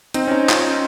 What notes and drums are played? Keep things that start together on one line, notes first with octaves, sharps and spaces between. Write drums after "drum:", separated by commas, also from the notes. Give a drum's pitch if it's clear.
C4 D#4, drum: hi-hat
C#4
C4 D#4
C#4 F4, drum: clap